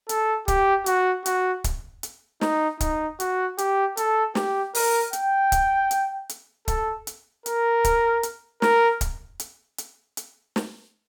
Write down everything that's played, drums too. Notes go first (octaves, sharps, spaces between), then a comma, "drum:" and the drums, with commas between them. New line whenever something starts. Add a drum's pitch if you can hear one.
A4, drum: hi-hat
G4, drum: kick, hi-hat
F#4, drum: hi-hat
F#4, drum: hi-hat
drum: kick, hi-hat
drum: hi-hat
D#4, drum: snare
D#4, drum: kick, hi-hat
F#4, drum: hi-hat
G4, drum: hi-hat
A4, drum: hi-hat
G4, drum: snare
A#4, drum: open hi-hat
G5, drum: hi-hat
drum: kick, hi-hat
drum: hi-hat
drum: hi-hat
A4, drum: kick, hi-hat
drum: hi-hat
A#4, drum: hi-hat
drum: kick, hi-hat
drum: hi-hat
A#4, drum: snare
drum: kick, hi-hat
drum: hi-hat
drum: hi-hat
drum: hi-hat
drum: snare